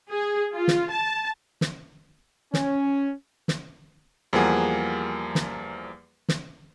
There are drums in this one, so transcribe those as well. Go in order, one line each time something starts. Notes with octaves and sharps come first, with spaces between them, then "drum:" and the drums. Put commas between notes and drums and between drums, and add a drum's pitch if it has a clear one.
G#4
F4
drum: snare
A5
drum: snare
C#4, drum: snare
drum: snare
E2 F3 G3 A#3 G#4 F#5
drum: snare
drum: snare